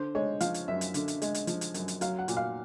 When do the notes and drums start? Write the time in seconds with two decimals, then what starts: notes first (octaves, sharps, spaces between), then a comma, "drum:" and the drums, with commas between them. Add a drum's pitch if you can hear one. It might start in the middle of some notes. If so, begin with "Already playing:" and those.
Already playing: D3 C5
0.15 G#3 C#5
0.41 F3 F5, drum: hi-hat
0.54 drum: hi-hat
0.68 F#2 E5
0.81 drum: hi-hat
0.94 D3, drum: hi-hat
1.08 drum: hi-hat
1.22 G#3, drum: hi-hat
1.34 drum: hi-hat
1.47 F3, drum: hi-hat
1.61 drum: hi-hat
1.74 F#2, drum: hi-hat
1.88 drum: hi-hat
2.01 F#3 F5, drum: hi-hat
2.18 F#5
2.28 A#2, drum: hi-hat
2.37 F5